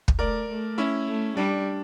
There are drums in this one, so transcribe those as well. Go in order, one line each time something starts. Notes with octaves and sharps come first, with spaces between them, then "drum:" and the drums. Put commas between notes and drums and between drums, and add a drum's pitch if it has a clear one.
drum: kick
A3 A#4 D5
A3
C#4 E4
A3
G3 D4